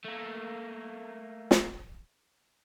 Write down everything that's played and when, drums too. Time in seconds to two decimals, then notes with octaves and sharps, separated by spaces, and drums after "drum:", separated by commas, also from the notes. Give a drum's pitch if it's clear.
0.05 A3 A#3
1.51 drum: snare